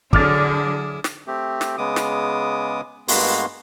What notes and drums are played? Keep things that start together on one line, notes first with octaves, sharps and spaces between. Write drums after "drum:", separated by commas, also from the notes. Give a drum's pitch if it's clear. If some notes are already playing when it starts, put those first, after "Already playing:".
D3 F#3 E4 G#4 D6 F6 A6, drum: kick
drum: snare
A3 C4 G4
drum: snare
C#3 G#3 B3 D6 D#6
drum: snare
G2 G#3 A#3 B3 F#4 C6, drum: open hi-hat